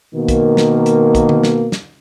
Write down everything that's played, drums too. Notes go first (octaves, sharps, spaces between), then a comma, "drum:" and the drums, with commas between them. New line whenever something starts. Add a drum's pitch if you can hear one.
B2 D#3 A#3
drum: kick, hi-hat
drum: snare
drum: hi-hat
drum: kick, hi-hat
drum: tom
drum: snare
drum: snare